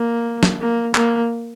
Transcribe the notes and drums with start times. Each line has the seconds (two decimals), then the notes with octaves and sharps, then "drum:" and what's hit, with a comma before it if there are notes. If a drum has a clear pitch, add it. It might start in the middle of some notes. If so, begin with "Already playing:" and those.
Already playing: A#3
0.43 drum: snare
0.61 A#3
0.95 A#3, drum: clap